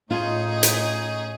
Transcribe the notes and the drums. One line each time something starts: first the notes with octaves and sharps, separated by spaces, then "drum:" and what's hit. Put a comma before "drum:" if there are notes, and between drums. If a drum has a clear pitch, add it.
A2 C#4 D#4 F4 G#4
drum: hi-hat